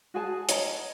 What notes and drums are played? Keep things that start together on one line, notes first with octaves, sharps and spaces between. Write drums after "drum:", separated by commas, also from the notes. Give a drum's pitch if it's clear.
F#4 G#4 G#5 A5
C#5 D#5 A#5, drum: hi-hat